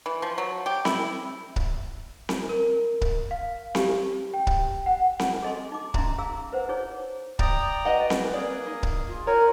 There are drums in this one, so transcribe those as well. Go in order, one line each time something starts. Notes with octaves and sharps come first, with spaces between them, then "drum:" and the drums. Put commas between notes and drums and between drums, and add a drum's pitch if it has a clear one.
E3
F3
F#3
G4
E4, drum: snare C4
drum: kick C#1
drum: snare C4
A#4
drum: kick C#1
F5
G4, drum: snare C4
G5
drum: kick C#1
F#5
drum: snare C4
G#4 A4 D#5 G#5 C6
D#4 D6
C#4 D#4 E5 A#5 C6, drum: kick C#1
G#4 F5 A#5 E6
B4 C5 F#5
D#4 E4 G#4 C#5
D5 G5 A#5 D#6, drum: kick C#1
F#4 B4 D#5 F#5
drum: snare C4
A#3 G#4 D5
D#4
drum: kick C#1
F4
A#4 C#5 F#5 G#5